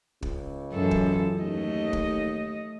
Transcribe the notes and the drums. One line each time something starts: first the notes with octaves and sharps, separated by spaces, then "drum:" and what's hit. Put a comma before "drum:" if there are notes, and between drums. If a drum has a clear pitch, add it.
C#2, drum: kick
F#2 E3 A4
drum: kick
D#2 A3 D#5
drum: kick